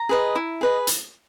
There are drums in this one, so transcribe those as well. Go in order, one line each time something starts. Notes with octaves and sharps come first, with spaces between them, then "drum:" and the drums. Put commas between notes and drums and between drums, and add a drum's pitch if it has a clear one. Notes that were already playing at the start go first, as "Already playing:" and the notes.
Already playing: A#5
G#4 B4 D#5
E4
G#4 B4 D#5
drum: hi-hat